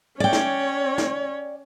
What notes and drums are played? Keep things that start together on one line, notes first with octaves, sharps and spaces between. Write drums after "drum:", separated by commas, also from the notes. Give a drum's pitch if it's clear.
C#4 C#5 D5 G5
drum: snare
drum: snare